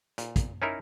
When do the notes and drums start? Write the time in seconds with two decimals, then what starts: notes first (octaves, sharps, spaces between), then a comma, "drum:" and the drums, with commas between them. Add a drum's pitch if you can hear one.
0.18 A#2, drum: hi-hat
0.36 drum: kick, hi-hat
0.62 C#4 D#4 E4 A#4